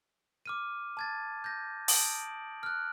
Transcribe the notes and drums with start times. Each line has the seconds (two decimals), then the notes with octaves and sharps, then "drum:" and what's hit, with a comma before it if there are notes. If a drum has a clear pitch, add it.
0.46 D6 F6 D#7
0.97 A5 G#6 A6
1.44 G6 A#6
1.88 A5 D#6 D7 F#7, drum: open hi-hat
2.63 F6 F#6